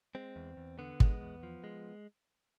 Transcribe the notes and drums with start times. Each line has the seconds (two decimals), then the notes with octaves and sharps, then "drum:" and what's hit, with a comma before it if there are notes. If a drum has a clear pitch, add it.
0.15 G#3 C4
0.36 E2
0.57 E2
0.79 D3 B3
1.00 G#3, drum: kick
1.21 E2
1.43 F3
1.64 G#3